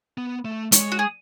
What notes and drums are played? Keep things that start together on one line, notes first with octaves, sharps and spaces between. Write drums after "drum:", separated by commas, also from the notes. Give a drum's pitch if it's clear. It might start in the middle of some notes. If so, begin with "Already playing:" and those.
B3
A3
G#3 C#5, drum: hi-hat
F#4
G#4